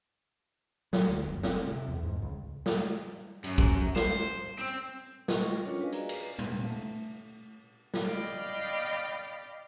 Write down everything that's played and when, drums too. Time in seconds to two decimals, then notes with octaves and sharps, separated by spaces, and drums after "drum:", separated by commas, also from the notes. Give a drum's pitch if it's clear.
0.93 F#3, drum: snare
1.09 D2
1.26 F#1
1.43 C4, drum: snare
1.67 C3
1.88 E2
2.03 G#2
2.22 C#2
2.66 drum: snare
3.44 F#2, drum: hi-hat
3.58 drum: kick
3.96 C5, drum: snare
4.58 C4
5.28 D#5 C#6, drum: snare
5.43 G3 F4 A#4
5.64 C#4 D4 F4 A4 C#5
5.80 F#4 A#4 B4 D#5 F5 G#5
5.92 G#4 D5 A#5, drum: hi-hat
6.09 B4, drum: cymbal
6.39 drum: tom A#2
6.63 A3
7.94 drum: snare
8.06 D5 D#5 F5 G5 B5 D6